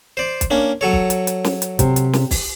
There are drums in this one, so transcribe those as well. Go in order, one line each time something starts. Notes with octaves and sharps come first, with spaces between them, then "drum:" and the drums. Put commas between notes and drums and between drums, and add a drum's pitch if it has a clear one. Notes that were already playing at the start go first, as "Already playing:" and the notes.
C5 D5
drum: kick, hi-hat
A#3 C#4 D4
F#3 A4 C#5
drum: kick
drum: hi-hat
drum: hi-hat
drum: snare
drum: hi-hat
C3, drum: kick, hi-hat
drum: hi-hat
drum: snare
drum: kick, open hi-hat